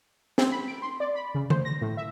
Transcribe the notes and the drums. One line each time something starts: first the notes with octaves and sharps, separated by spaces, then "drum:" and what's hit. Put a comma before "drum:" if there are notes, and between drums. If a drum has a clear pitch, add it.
C4, drum: snare
B5
D7
C6
D5
B5
C#3
C5, drum: tom D3
A#6
A2
E5